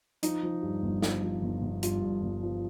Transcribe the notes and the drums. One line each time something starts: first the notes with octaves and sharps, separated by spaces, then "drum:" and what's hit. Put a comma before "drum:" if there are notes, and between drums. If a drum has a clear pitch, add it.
F3 D#4, drum: hi-hat
F3
G2
G1
F3, drum: snare
F3
G1
G1
G2 F4, drum: hi-hat
G2
G1
F3